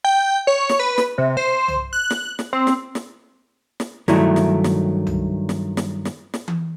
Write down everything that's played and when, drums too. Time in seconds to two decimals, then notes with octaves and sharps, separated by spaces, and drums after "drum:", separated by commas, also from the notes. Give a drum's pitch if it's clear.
0.04 G5
0.47 C#5
0.69 drum: snare
0.79 B4
0.98 drum: snare
1.18 C3
1.37 C5
1.68 drum: tom C2
1.93 F#6
2.10 drum: snare
2.39 drum: snare
2.53 C4
2.67 drum: snare
2.95 drum: snare
3.80 drum: snare
4.08 G2 D#3 F#3 A3 E4, drum: snare
4.36 drum: snare
4.64 drum: snare
5.07 drum: tom C2
5.49 drum: snare
5.77 drum: snare
6.05 drum: snare
6.34 drum: snare
6.48 drum: tom E3